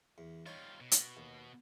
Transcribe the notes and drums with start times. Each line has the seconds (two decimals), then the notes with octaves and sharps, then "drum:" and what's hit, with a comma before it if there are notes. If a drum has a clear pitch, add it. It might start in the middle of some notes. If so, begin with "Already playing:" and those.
0.18 E2
0.46 G3 D#4 F4 C#5
0.81 B2
0.92 drum: hi-hat
1.17 D#2